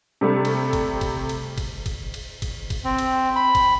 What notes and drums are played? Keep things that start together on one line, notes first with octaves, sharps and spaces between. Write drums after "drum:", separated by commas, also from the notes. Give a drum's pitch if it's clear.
C3 G3 A3
drum: cymbal
drum: kick, cymbal
drum: kick, cymbal
drum: cymbal
drum: kick, cymbal
drum: kick, cymbal
drum: cymbal
drum: kick, cymbal
drum: kick, cymbal
C4
drum: cymbal
B5
drum: kick, cymbal